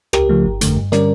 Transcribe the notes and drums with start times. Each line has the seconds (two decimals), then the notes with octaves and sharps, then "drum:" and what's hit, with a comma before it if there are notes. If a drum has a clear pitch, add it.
0.13 C#2 G4 A#4, drum: rim click
0.29 C#3 F3 A3
0.45 G1
0.61 F2 D3 A3, drum: hi-hat
0.76 G2
0.92 D3 G3 C#4 A#4 D5, drum: snare